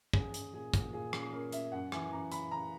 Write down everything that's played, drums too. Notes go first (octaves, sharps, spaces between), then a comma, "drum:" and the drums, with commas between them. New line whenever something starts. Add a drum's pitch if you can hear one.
C#4 G#4, drum: kick
C#4, drum: hi-hat
A#2 G#4
A#2, drum: kick, hi-hat
A#2 G#4
C#4, drum: rim click
C#4 A#4
C#4 E5, drum: hi-hat
F#2 F#5
E3 G#5, drum: rim click
F#2 A#5
C#3 B5, drum: hi-hat
C#3 A#5